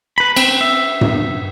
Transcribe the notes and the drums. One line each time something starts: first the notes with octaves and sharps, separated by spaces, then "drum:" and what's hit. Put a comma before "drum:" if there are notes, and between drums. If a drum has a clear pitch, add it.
B4 B5
C4, drum: cymbal
E5
drum: tom G2